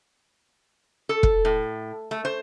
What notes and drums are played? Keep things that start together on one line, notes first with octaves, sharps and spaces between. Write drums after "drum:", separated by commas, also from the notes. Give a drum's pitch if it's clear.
A4
drum: kick
A2
A3
C5